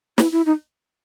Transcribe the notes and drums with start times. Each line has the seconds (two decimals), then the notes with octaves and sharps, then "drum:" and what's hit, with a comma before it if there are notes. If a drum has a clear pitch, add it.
0.18 E4, drum: snare
0.32 E4
0.46 D#4